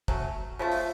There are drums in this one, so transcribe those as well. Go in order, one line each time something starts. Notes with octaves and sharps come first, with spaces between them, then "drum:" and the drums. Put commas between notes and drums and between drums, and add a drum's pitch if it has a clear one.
F#3 A3 C#4, drum: kick
C#3 F3 A3
drum: open hi-hat